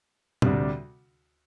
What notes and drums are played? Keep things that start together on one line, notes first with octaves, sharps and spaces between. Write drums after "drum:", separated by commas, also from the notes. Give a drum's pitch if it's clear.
D2 C3 G3 D4, drum: tom A#2